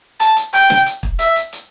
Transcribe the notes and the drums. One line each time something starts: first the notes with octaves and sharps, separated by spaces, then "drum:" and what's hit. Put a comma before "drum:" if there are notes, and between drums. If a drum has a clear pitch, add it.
A5, drum: hi-hat
drum: hi-hat
G5, drum: hi-hat
drum: snare
drum: hi-hat
drum: kick
E5, drum: hi-hat
drum: hi-hat
drum: hi-hat